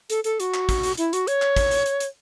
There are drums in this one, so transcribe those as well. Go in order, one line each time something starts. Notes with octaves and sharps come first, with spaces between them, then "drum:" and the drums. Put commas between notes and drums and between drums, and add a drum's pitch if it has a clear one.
A4, drum: hi-hat
A4, drum: hi-hat
F#4, drum: hi-hat
drum: clap
drum: kick, hi-hat
drum: hi-hat
E4, drum: hi-hat
F#4, drum: hi-hat
C#5, drum: hi-hat
drum: clap
drum: kick, hi-hat
drum: hi-hat
drum: hi-hat
drum: hi-hat